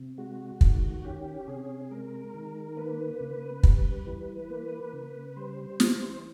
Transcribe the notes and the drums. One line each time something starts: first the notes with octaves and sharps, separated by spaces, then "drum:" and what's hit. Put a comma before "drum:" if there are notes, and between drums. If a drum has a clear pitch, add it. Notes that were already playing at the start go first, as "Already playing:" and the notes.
Already playing: C3
G#3 F#4
D#3, drum: kick
C#4 G4
C3 G#4
G#3 A#4
D#3
A#3 B4
C#3
G3, drum: kick
E3
A#3
C#3
G3 C5
E3, drum: snare